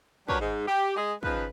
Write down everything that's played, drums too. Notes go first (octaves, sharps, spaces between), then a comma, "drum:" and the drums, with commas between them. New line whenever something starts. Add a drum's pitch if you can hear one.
F#3 G3 D4 A#4 B4 C#5, drum: kick
G#2
G4
G#3 G#4 D#5
C#3 F3 D#4 B4, drum: kick